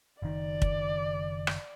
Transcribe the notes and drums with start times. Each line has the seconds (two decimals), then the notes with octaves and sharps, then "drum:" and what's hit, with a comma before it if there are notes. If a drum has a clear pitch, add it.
0.22 F#1 D#3 D5
0.62 drum: kick
1.47 drum: rim click